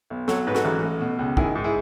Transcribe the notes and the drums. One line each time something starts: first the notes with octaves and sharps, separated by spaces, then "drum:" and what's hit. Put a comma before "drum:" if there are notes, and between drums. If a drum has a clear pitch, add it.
B1
F#3 A4 C#5, drum: snare
G#2 B4
F#4 A4, drum: snare
A1
A3
B2
C#2
D#3 E4 G#4, drum: kick
G#2
E4 G#4